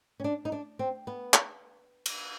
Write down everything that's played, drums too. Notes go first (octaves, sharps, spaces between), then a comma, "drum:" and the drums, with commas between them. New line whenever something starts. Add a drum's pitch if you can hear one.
C#4
D4
D#4
D4
C4
B3
drum: clap
drum: cymbal